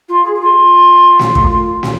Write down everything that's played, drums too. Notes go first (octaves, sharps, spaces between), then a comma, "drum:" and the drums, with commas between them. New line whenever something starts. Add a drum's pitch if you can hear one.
F4
G#4
G#4
F4
drum: snare
drum: kick
drum: snare